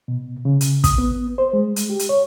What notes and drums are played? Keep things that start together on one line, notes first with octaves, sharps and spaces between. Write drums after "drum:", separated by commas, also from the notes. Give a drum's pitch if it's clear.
B2
C#3
drum: hi-hat
D#6, drum: kick, hi-hat
B3
C5
G#3
drum: hi-hat
G4
drum: hi-hat
C#5